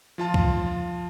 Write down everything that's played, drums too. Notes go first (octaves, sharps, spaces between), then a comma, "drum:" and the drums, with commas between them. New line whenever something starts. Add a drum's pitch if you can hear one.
F3 F4 A5
drum: kick